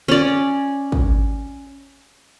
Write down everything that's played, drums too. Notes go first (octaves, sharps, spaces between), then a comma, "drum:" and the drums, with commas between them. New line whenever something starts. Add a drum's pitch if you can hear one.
C#4 D5
drum: kick